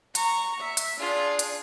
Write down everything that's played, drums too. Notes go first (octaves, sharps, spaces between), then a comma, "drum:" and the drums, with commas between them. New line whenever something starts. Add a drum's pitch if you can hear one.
A#5 C#6, drum: hi-hat
E5
drum: hi-hat
D4 F4 G#4
drum: hi-hat